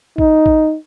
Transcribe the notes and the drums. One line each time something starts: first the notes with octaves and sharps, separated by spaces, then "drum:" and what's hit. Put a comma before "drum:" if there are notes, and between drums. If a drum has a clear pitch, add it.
D#4, drum: kick A1
drum: kick A1